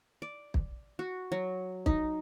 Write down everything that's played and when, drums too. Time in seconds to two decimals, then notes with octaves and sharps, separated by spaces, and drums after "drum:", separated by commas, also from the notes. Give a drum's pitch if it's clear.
0.22 D5
0.54 drum: kick
0.99 F#4
1.32 F#3
1.86 D#4, drum: kick